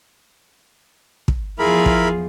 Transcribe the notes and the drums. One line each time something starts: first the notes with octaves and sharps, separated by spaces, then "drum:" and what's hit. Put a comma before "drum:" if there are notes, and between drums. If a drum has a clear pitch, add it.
drum: kick
E2 F3 E4 F4 G#4 A#4 B5
drum: kick